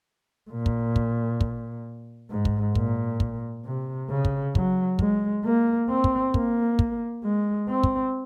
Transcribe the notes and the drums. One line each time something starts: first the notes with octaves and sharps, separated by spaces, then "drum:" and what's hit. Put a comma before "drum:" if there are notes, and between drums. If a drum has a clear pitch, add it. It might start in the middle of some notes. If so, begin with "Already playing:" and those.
A#2
drum: kick
drum: kick
drum: kick
G#2
drum: kick
A#2, drum: kick
drum: kick
C3
C#3
drum: kick
F#3, drum: kick
G#3, drum: kick
A#3
C4
drum: kick
A#3, drum: kick
drum: kick
G#3
C4
drum: kick